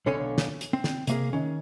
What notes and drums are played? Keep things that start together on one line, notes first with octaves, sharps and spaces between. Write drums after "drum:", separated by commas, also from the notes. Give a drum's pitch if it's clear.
B1 D3 A4 C#5 F5 G#5
drum: snare
drum: hi-hat
C4
drum: snare
C3 A#3 G#4, drum: hi-hat
D#3 C#4